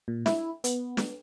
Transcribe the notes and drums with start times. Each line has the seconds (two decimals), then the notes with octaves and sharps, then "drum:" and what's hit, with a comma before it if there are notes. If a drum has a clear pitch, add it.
0.08 A#2
0.26 E4, drum: snare
0.64 B3, drum: hi-hat
0.97 drum: snare